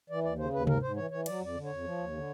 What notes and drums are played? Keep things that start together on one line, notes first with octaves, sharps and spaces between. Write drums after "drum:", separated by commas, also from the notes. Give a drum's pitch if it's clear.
E3 D5
D#2 D5
C#3 C5
D#2 B4
G#2 A#4, drum: tom C3
G#2 C5
E3 C#5
E3 C#5
F#3 D5, drum: cymbal
F2 D5
D3
F2 C#5
F3
D#2
D3